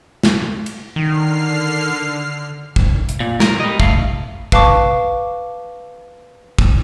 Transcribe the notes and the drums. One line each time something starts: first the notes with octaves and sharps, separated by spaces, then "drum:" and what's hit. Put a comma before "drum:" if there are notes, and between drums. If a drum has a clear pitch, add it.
drum: snare
drum: cymbal
D3 D#3 F6 C7
drum: kick
drum: hi-hat
A#2
A#4, drum: snare
G3 D#5
A3 F5, drum: kick
B4 F5 A5 C#6 D6, drum: kick
drum: kick